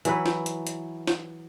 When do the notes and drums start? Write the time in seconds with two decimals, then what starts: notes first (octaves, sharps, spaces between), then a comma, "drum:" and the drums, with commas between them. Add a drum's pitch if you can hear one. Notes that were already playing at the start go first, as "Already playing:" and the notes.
0.05 E3 F#3 E4 B4, drum: hi-hat
0.26 drum: snare
0.46 drum: hi-hat
0.67 drum: hi-hat
1.07 drum: snare